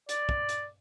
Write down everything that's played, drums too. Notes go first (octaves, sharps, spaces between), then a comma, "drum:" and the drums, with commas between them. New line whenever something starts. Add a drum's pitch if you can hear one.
D5, drum: hi-hat
drum: kick
drum: hi-hat